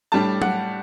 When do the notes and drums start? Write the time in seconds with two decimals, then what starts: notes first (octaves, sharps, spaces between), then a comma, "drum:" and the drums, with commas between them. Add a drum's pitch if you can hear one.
0.12 A2 G3 D4 A5
0.42 F#5, drum: tom F#3